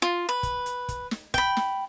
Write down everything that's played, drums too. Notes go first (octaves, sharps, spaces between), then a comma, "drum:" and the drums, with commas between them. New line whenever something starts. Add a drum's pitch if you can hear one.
F4
B4
drum: kick, hi-hat
drum: hi-hat
drum: kick, hi-hat
drum: snare
G5 B5, drum: kick, hi-hat
drum: snare